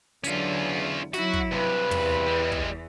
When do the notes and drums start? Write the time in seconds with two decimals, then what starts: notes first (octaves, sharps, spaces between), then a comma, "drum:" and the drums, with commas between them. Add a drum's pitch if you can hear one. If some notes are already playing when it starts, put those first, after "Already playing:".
0.24 E2 D3 F#3 C#4 F4, drum: hi-hat
1.14 F#3 E4 F#4, drum: snare
1.33 drum: kick
1.51 G2 C3 B4
1.91 E2 E3, drum: tom
2.26 G3 G#3
2.52 drum: kick